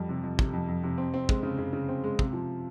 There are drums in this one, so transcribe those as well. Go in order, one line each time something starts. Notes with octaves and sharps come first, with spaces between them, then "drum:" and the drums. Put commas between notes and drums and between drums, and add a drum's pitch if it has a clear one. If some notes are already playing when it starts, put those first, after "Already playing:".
Already playing: F2 G3
C3
F2
C3, drum: kick
F2
F2
C3
C4
C4
G#3, drum: kick
C#3
C#3
C#3
C4
G#3
C3, drum: kick
F3